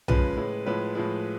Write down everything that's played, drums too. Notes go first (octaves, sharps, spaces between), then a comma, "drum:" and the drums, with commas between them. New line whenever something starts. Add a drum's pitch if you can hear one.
C#3 F3 G#3 B4, drum: tom B1
A2 G#3
A2 F3 G#3 B4
A2 F3 G#3